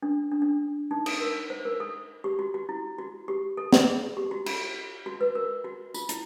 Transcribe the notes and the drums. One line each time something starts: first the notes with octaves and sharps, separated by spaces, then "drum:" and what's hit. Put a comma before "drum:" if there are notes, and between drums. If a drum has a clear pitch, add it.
D4
D4
D4
D#4
A4, drum: cymbal
A#4
C5
A#4
A4
G4
F#4
F#4
E4
F#4
G4
A4
drum: snare
G#4
G4
F#4
F4, drum: cymbal
F#4
B4
A#4
F#4
F4, drum: tambourine
E4, drum: hi-hat